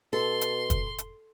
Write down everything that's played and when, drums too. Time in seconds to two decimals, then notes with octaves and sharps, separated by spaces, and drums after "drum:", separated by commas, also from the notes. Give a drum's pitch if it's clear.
0.13 B2 A4 C6
0.41 drum: hi-hat
0.70 drum: kick, hi-hat
0.98 drum: hi-hat